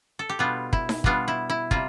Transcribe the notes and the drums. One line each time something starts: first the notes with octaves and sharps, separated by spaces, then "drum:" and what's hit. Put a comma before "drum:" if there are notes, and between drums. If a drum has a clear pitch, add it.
A4
G4
B2 G3 B3 D4 F4
E4, drum: kick
drum: snare D#4
B2 G3 B3 D4 F4, drum: kick
E4
E4
C3 G3 F4, drum: kick